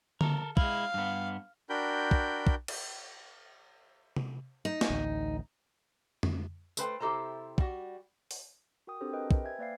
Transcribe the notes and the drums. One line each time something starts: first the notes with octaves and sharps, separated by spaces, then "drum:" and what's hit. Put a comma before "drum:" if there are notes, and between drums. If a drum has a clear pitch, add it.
A4 A#4, drum: tom D3
G#3 E4 F5, drum: kick
G2 B3
D4 F#4 A#4 G5 B5 G6
drum: kick
drum: kick
drum: cymbal
drum: tom C3
D#4
drum: snare
A1 D2
drum: tom F2
A3 A4 B4 C5 D5 G5, drum: tambourine
C3 E4 G4 A4 C5 A#5
G3 F#4, drum: kick
drum: open hi-hat
F#4 A#4 G5 D#6
C4 D4 F#4 G4 A4 C5
G4 A#4 B4 D#5 G5
B4, drum: kick
C5 E5 G5 G#5 G#6
A#3 B4 D5 E5 F5 C7